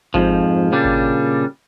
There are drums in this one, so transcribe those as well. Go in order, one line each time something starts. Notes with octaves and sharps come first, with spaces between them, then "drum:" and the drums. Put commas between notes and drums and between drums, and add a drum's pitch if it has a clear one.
F2 G#2 F3, drum: kick G#1
A#2 C#3 G3 D4
drum: kick G#1